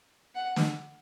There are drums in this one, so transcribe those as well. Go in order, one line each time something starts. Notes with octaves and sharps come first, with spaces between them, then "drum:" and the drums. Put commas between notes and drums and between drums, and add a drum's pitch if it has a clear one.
F#5
drum: snare